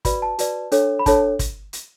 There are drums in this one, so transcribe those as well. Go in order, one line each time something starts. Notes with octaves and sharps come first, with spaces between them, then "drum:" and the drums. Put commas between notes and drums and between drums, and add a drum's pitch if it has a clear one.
F#4 B4 D5 B5, drum: kick, hi-hat
A5
F#4 B4 D5, drum: hi-hat
D4 A4 C#5, drum: hi-hat
B5
D4 A4 C#5 A5, drum: kick, hi-hat
drum: kick, hi-hat
drum: hi-hat